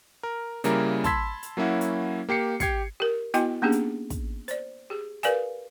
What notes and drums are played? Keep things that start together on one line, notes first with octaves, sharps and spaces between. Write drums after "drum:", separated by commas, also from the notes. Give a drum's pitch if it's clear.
A#4
C#3 G3 A#3 E4 A#4, drum: hi-hat
A5 B5 C6 E6 G#6 B6, drum: kick, hi-hat
drum: hi-hat
F#3 A#3 C#4 E4 F#4
drum: hi-hat
A#3 G4 C7 C#7
G4 G#6 C7 C#7, drum: kick, hi-hat
G4 A#4
B3 E4 F#4 D#5 G5 G#5, drum: hi-hat
A#3 B3 C#4 D4 G4 G#4
drum: hi-hat
drum: kick, hi-hat
C5 D5, drum: hi-hat
G4 G#4
G4 A#4 B4 D5 F5 G#5, drum: hi-hat